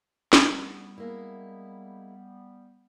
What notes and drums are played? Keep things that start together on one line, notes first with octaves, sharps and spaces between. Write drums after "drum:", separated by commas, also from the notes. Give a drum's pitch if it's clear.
G3 B3, drum: snare
G#3 A#3 E4